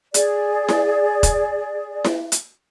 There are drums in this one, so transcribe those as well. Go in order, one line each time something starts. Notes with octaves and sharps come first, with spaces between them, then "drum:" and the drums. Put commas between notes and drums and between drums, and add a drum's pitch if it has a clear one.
G#4 D5, drum: hi-hat
drum: snare E4
drum: kick E1, hi-hat
drum: snare E4
drum: hi-hat